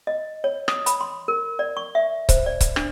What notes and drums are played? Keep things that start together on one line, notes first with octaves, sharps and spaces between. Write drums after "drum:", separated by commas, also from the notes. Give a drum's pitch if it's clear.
D#5
C#5
D#6, drum: rim click
B5, drum: hi-hat
C6
A#4
D5
C#6
E5
C5, drum: kick C#1, hi-hat
D5
drum: kick C#1, hi-hat
D4, drum: rim click